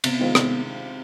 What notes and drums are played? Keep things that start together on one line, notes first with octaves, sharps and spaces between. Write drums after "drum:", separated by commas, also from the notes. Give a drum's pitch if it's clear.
C3 B3, drum: cymbal
D#3 G#3 C4 F4
C3, drum: rim click